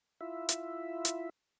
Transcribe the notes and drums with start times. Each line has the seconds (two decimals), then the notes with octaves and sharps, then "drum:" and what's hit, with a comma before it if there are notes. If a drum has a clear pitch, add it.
0.21 E4 F4 E5
0.49 drum: hi-hat
1.05 drum: hi-hat